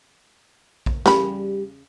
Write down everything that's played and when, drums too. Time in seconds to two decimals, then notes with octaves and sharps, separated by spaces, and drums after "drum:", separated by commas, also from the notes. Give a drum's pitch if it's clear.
0.86 drum: kick A#1
1.06 C#3 G3 B5, drum: snare